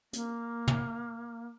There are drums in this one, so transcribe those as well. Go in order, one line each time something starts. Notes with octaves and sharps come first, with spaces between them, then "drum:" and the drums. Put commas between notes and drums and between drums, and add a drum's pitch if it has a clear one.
A#3, drum: hi-hat
drum: tom